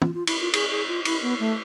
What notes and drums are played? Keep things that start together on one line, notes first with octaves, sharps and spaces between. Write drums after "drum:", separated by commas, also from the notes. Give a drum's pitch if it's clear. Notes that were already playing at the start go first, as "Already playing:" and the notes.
F4, drum: tom
F4
E4, drum: cymbal
F4
G#4, drum: cymbal
G#4
F4
E4, drum: cymbal
B3
A3